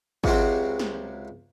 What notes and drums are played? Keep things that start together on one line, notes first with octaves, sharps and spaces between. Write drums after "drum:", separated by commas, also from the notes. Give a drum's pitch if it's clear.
C#2 C3 F#3 C4, drum: kick G#1
drum: snare